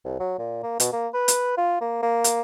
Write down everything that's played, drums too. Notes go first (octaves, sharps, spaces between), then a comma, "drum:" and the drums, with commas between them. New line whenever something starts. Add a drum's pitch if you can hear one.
C2
F#3
A#2
A#3
B2, drum: hi-hat
A#3
B4
drum: hi-hat
F4
A#3
A#3
drum: hi-hat